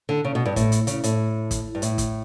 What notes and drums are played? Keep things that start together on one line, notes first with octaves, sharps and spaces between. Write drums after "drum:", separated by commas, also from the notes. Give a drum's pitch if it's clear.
D3
C#3
B2
G2
A2, drum: kick, hi-hat
drum: hi-hat
C#3, drum: hi-hat
A2, drum: hi-hat
drum: kick, hi-hat
G2
A2, drum: hi-hat
drum: kick, hi-hat